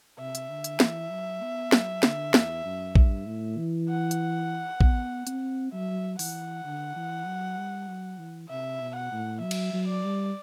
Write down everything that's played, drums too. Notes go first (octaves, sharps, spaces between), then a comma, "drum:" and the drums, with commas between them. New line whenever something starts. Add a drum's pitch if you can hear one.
C3 E5
drum: hi-hat
D3
drum: hi-hat
E3, drum: snare
F#3
B3
F#3, drum: snare
D3, drum: snare
E2, drum: snare
F#2
G2, drum: kick
A2
E3
F#5
drum: hi-hat
B3, drum: kick
C4, drum: hi-hat
F#3 E5
E3 F#5, drum: open hi-hat
D3
E3
F#3
G3
F#3
E3
C3 E5
B2
F#5
A2
F#3 E5
drum: cymbal
F#3
D5
G3